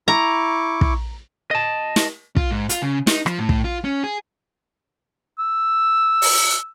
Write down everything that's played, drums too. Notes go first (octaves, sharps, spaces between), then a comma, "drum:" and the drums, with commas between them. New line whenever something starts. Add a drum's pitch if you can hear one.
E4 A#5 C#6 D6
drum: kick
D#5 A5
drum: snare
F4, drum: kick
G#2
F4, drum: hi-hat
C#3
D#4, drum: snare
F3, drum: rim click
A2
drum: kick
F4
C#4
G#4
E6
drum: open hi-hat